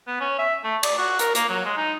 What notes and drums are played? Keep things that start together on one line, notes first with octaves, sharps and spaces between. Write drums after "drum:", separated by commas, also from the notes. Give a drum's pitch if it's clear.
B3
C#4
E5
A3
D5, drum: cymbal
F#4
A#4, drum: hi-hat
A#3, drum: hi-hat
F#3
G#3
D#4